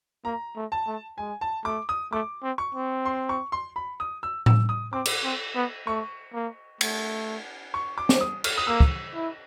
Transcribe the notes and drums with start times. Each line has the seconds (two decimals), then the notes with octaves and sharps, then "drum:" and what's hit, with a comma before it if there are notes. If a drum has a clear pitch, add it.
0.25 A#3 A#5
0.56 A3
0.72 A5
0.87 A3
1.18 G#3 G#5
1.41 A5
1.64 A3 D6
1.89 D#6
2.12 A3 D6
2.43 C4
2.58 C#6
2.75 C4
3.05 C6
3.29 C#6
3.52 C6
3.76 B5
4.00 D#6
4.23 E6
4.46 E6, drum: tom A2
4.69 D#6
4.93 C4 D6
5.06 drum: cymbal
5.24 C4
5.56 B3
5.86 A3 C#6
6.34 A#3
6.81 A3, drum: cymbal
7.74 C#6
7.98 D6
8.09 drum: snare C5
8.21 D#6
8.44 F6, drum: cymbal
8.57 D#6
8.67 A#3 E6
8.80 drum: kick
9.15 E4